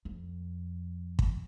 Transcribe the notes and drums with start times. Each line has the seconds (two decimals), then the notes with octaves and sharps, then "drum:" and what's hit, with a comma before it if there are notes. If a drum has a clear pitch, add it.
0.05 F2
1.19 drum: kick